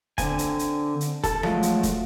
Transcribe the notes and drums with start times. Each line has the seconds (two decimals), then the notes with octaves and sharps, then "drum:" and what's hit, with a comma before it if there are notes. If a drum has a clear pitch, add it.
0.18 D3 C4 G#5, drum: kick, hi-hat
0.39 drum: hi-hat
0.59 drum: hi-hat
1.01 drum: hi-hat
1.24 A4, drum: kick, hi-hat
1.43 F3 F#3 G#3 A3, drum: rim click
1.63 drum: hi-hat
1.83 drum: kick, hi-hat